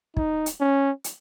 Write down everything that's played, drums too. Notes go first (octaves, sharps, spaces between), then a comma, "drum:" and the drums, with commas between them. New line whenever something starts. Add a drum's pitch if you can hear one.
D#4, drum: kick
drum: hi-hat
C#4
drum: hi-hat